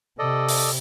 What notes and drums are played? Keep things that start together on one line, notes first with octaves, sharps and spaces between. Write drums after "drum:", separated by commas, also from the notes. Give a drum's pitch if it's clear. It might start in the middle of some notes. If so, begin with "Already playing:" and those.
C3 A4 D5 D#5
drum: open hi-hat